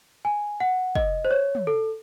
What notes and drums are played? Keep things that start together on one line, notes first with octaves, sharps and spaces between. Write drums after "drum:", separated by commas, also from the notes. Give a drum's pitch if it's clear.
G#5
F#5
D#5, drum: kick
C5
C#5
drum: tom
A4